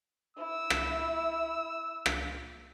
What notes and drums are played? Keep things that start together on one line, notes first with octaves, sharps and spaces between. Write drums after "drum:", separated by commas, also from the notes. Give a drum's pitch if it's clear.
E4 E6
drum: rim click
drum: rim click